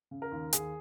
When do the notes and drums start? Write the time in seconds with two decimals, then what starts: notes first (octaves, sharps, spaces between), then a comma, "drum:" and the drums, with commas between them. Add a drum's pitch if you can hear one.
0.11 C#3
0.22 A#4
0.32 D#2
0.53 D#2 G#4, drum: hi-hat